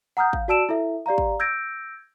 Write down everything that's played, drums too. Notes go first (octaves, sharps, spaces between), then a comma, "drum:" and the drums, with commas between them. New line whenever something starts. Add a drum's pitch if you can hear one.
F#5 A#5 D#6 F6 G6
F5, drum: kick
F#4 D5 A5 E6 D7 E7
E4 A4 E5
G4 D5 F5 A#5
drum: kick
E6 G6 G#6 A#6 D7